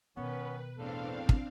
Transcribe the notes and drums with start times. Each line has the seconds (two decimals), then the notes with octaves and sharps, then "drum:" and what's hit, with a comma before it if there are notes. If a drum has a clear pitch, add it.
0.17 B2 D#3 B3 C#4 B4
0.78 E2 A2 C4 D4 A4 F5
1.29 drum: kick